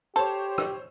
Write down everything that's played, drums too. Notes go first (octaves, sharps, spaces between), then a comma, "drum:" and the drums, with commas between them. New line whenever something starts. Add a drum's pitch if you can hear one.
G4 A4 C5 C#5
drum: rim click